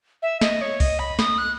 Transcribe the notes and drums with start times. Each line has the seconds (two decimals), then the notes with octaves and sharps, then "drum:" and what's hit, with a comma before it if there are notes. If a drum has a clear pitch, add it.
0.22 E5
0.41 D#5, drum: snare
0.61 C#5
0.80 D#5, drum: kick C2, open hi-hat
0.99 B5
1.19 D#6, drum: snare
1.38 F#6